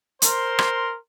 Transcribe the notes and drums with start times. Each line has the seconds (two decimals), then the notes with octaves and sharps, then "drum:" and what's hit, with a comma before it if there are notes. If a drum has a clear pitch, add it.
0.22 A#4 C5 C6, drum: hi-hat
0.59 drum: rim click